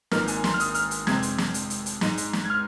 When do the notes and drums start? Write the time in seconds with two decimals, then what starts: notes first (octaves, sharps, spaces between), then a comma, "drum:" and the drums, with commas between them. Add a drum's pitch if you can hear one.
0.11 G#1 G#2 F3 A#3 D#4 F6, drum: snare
0.28 G#5, drum: hi-hat
0.44 C6, drum: snare
0.54 F6
0.60 D#6, drum: hi-hat
0.74 F6, drum: hi-hat
0.91 drum: hi-hat
1.07 F2 C3 G#3 C4 G#6, drum: snare
1.23 drum: hi-hat
1.38 drum: snare
1.54 drum: hi-hat
1.70 drum: hi-hat
1.86 drum: hi-hat
2.01 G#2 G#3 D#4, drum: snare
2.18 drum: hi-hat
2.33 drum: snare
2.45 G#6
2.50 F6